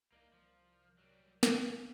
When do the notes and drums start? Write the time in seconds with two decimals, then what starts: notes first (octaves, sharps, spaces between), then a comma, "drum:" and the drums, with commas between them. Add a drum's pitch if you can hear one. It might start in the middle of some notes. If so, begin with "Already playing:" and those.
0.12 C2 A#3 D#4 A#4 D5
0.33 F3
0.99 F#3 G3
1.43 F5, drum: snare